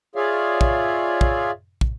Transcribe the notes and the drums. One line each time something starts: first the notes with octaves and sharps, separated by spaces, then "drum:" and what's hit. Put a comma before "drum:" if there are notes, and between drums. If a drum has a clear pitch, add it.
F4 G#4 C#5 D5 E5 F5
drum: kick
drum: kick
drum: kick